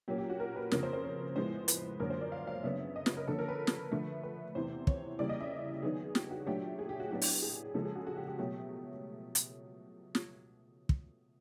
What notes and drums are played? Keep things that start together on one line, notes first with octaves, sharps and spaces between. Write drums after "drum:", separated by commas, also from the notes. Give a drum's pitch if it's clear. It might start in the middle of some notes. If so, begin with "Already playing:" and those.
A#2 F#3 A#3 C#4 G4
G4
F#4
A#4
B4
F2 C#3 F3 A#3 A#4, drum: snare
C5
C5
C#5
A2 F3 G#3 B3 C5
B4, drum: hi-hat
F#2 D3 F#3 A#3 A#4
C5
D5
F5
F5
C#3 F#3 B3 D4 E5
D#5
B4, drum: snare
A#4
D3 F3 A#3 C#4 A4
A#4
B4
drum: snare
D3 F3 A3
B4
E2 C3 E3 C5
C#5, drum: kick
C#3 E3 G3 A#3 D5
D#5
E5
D#3 F#3 B3 D#4 G#4
G4, drum: snare
F#4
A#2 F#3 A3 D4 G4
G#4
G4
F#4
A2 F#3 B3 D4 G4
drum: open hi-hat
G#4
C#3 F3 G#3 A4
G#4
F#4
F#4
G4
G4
B2 F#3 A3 G4
drum: hi-hat
drum: snare
drum: kick